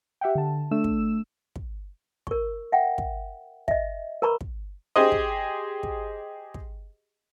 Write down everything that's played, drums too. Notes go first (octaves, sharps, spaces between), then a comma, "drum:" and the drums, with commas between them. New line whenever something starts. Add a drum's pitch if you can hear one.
G4 E5 F#5 G5
D3 A5
A3 D4 E6 E7
drum: kick
drum: kick
A#4 C#6, drum: kick
E5 F#5 G5
drum: kick
D#5 E5, drum: kick
A#4 B4 A#5 B5 C#6
drum: kick
G4 G#4 C5 D#5
drum: kick
drum: kick
drum: kick